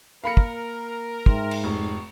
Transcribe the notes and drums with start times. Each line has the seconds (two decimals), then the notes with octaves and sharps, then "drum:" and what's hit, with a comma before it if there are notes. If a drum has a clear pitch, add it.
0.24 A#3 A#4 F5 B5 C#7
0.37 drum: kick
1.26 G#2 E5 G5 C6, drum: kick
1.51 drum: cymbal
1.64 F1 C#6